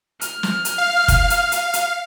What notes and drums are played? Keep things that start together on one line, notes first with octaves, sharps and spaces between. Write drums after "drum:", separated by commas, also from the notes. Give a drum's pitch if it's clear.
F6, drum: hi-hat
drum: snare
drum: hi-hat
F5
drum: kick, hi-hat
drum: hi-hat
drum: hi-hat
drum: hi-hat